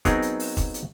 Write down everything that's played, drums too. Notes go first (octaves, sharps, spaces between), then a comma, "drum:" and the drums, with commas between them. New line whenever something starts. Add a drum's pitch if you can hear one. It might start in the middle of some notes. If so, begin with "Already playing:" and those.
F#3 B3 C4 D#4 G#4 A#4, drum: kick, hi-hat
drum: hi-hat
drum: open hi-hat
drum: kick, hi-hat
drum: hi-hat